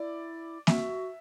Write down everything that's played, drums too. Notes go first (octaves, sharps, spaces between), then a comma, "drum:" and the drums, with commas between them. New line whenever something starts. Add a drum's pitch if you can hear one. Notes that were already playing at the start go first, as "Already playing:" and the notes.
Already playing: E4 D5
F#4 E5, drum: snare A#3